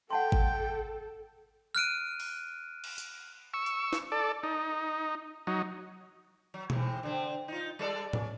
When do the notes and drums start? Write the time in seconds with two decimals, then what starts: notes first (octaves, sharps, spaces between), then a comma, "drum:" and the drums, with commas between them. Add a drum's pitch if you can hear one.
0.10 A4 F#5 G5 A5 C6
0.32 drum: kick G#1
1.75 F6 F#6 D7 D#7
2.20 drum: open hi-hat
2.84 drum: cymbal
2.98 drum: tambourine
3.54 C#6 E6
3.66 drum: hi-hat
3.93 drum: snare
4.12 A4 D5
4.43 D#4
5.47 F#3 D#4
6.54 F#3
6.70 G#2 C3 E3, drum: tom B2
7.03 D3 C4
7.48 D#4 F4
7.79 G3 A4 D5
8.13 C#4, drum: tom A2